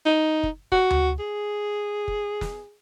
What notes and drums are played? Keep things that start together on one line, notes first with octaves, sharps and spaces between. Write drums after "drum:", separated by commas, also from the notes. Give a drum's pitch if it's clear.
D#4
drum: kick
F#4, drum: kick
drum: tom D2
G#4
drum: kick
drum: snare